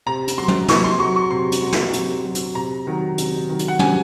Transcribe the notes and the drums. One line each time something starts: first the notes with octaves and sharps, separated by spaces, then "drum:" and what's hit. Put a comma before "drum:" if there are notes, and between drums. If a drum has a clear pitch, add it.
C3 A#5
drum: hi-hat
F#3 C6
drum: tom
C3 C#6, drum: snare
C6
F#3 C#6
C#6
C3 C6
drum: hi-hat
F#3
drum: snare
C3, drum: hi-hat
F#3
drum: hi-hat
C3 A#5
D#3 F#3
C3, drum: hi-hat
D#3 F#3
drum: hi-hat
F#5
C3 G#5, drum: tom